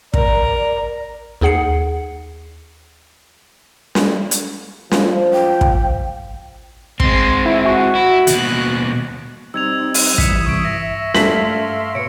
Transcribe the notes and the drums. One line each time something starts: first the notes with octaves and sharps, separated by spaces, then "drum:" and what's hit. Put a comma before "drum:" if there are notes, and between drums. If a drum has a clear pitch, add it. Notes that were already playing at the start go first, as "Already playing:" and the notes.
A#4 D5 A#5, drum: kick
D#2 D#4 G#4 F#5 C7 C#7
drum: snare
drum: hi-hat
F3, drum: snare
G5
drum: kick
G#3 C4 C6, drum: kick
E4
F#4
E4
D#2 B2 F#6, drum: hi-hat
G3 C4 D#4 E6 G#6 F7
drum: open hi-hat
E3 G3 D#6 B6 C#7 E7, drum: kick
C3 C#6 E6 D7
G2 E5 A#6
A3 E5 F5 C6 B6 F#7, drum: snare
B2 B4 C#5 C#7 D7